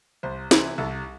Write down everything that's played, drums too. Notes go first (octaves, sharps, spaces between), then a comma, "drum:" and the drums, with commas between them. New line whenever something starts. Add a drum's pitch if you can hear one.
C2 C5
C3 E3 C5, drum: snare
C2 A4